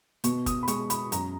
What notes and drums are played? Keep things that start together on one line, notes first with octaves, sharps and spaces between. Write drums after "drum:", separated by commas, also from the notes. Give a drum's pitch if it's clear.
B2 C#6, drum: hi-hat
D#6, drum: kick, hi-hat
B5
G#3 C#6, drum: hi-hat
B5, drum: hi-hat
F#2 A#5, drum: hi-hat